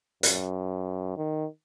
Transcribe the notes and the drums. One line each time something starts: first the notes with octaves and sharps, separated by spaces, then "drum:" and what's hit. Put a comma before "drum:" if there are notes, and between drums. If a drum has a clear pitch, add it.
F#2, drum: hi-hat
D#3